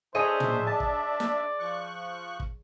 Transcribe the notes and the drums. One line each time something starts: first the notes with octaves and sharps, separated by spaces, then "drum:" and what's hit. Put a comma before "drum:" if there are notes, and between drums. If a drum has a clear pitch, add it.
D4 G#4 C5 C#5 D#5 E5
drum: tom
D5 A5
drum: kick
drum: snare
F3 C#6 F#6
drum: kick